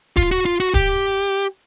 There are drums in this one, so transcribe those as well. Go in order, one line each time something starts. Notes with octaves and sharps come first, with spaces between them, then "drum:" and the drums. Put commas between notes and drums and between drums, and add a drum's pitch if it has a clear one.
F4, drum: kick D1
F#4
F4
F#4
G4, drum: kick D1